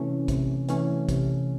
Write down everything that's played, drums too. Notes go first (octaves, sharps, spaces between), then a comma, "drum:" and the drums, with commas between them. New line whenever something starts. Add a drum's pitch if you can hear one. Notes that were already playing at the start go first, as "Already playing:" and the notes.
Already playing: C3 E3 A3 C#4
C3, drum: kick, hi-hat
E3 A3 C#4, drum: hi-hat
C3, drum: kick, hi-hat